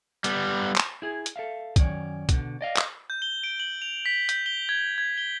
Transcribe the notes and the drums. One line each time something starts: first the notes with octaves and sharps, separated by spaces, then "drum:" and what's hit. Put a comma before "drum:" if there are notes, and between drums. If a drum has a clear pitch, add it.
G3 B3, drum: hi-hat
drum: clap
E4 G#4
drum: hi-hat
A4 E5 F5
F#2 D#3 C#4 D5, drum: kick B1, hi-hat
B2 D3, drum: kick B1, hi-hat
D5 D#5 F5
drum: clap
G6
G7
D7
F#7
F7
B6
G6, drum: hi-hat
G7
G#6
G#6
G7